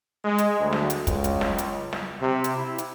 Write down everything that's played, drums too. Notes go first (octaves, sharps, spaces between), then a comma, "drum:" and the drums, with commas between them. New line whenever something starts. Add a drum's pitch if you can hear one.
G#3
drum: hi-hat
D2
drum: snare
drum: hi-hat
C#2, drum: kick, hi-hat
drum: hi-hat
drum: snare
drum: hi-hat
drum: snare
C3
drum: hi-hat
E4
drum: hi-hat